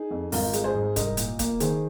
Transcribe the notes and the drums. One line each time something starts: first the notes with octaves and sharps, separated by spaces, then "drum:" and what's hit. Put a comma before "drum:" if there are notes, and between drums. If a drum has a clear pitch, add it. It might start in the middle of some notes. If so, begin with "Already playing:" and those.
Already playing: D#4 G#4
F2
G#1 F4 A#4, drum: open hi-hat
G#3, drum: hi-hat
G#4 C5
G#2
C2 A#4 D#5, drum: kick, hi-hat
A#2, drum: hi-hat
A#3, drum: kick, hi-hat
D#3 G#4 C5, drum: hi-hat